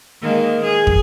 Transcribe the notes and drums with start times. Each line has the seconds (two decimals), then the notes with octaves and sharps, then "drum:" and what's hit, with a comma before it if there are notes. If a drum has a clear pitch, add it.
0.21 D#3 G#3 A#3
0.64 G#4
0.87 drum: kick